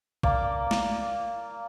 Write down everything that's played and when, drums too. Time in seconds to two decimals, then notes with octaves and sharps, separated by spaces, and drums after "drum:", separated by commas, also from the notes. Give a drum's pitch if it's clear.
0.23 A#3 D5, drum: kick
0.71 drum: snare